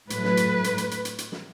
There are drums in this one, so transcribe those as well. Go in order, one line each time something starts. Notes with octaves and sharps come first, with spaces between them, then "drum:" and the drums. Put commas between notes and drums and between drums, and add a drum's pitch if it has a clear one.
A2 F#3 A3 B4, drum: hi-hat
drum: snare
drum: hi-hat
drum: hi-hat
drum: hi-hat
drum: hi-hat
drum: hi-hat
drum: hi-hat
drum: snare